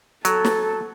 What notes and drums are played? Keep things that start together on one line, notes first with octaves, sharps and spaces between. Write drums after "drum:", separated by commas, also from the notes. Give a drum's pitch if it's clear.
F#3 A4, drum: hi-hat
drum: snare